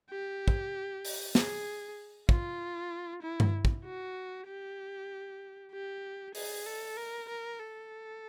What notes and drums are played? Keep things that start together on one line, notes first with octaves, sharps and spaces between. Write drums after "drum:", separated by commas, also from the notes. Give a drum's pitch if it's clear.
G4
drum: kick
drum: open hi-hat
G#4, drum: snare
F4, drum: kick
E4
drum: tom G2
drum: kick
F#4
G4
G4
G#4, drum: open hi-hat
A4
A#4
A#4
A4